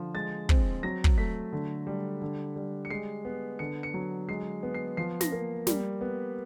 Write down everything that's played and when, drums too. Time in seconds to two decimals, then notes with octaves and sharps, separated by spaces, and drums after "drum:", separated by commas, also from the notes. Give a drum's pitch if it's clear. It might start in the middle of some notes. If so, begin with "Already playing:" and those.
Already playing: D3 F3
0.15 G#3 A6
0.49 C4, drum: kick
0.83 F#3 A#6
1.04 drum: kick
1.18 A3 B6
1.53 D3
1.87 G3
2.22 D3
2.56 G3
2.85 C#7
2.90 G#3 C7
3.25 B3
3.59 D3 C#7
3.83 C#7
3.94 F#3
4.28 G#3 C7
4.63 B3
4.74 C7
4.97 F3 C7
5.21 A#6, drum: snare
5.32 A#3
5.67 G3, drum: snare
6.01 B3